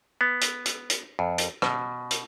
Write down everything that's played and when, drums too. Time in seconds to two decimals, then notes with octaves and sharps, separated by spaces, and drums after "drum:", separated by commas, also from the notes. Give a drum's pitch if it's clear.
0.21 B3
0.41 drum: hi-hat
0.65 drum: hi-hat
0.90 drum: hi-hat
1.19 F2
1.38 drum: hi-hat
1.62 B2, drum: rim click
2.11 drum: hi-hat